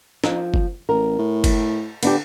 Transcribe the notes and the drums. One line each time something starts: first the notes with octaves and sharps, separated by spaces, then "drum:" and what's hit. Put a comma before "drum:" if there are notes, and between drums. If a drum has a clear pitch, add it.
F3, drum: snare
drum: kick F#1
A1 A#4
A2
drum: kick F#1, cymbal
D3 B3 D4 G4, drum: cymbal